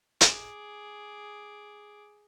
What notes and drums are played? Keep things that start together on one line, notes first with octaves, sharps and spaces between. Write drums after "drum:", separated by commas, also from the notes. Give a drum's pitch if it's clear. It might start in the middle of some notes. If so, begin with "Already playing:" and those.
G#4 D6, drum: hi-hat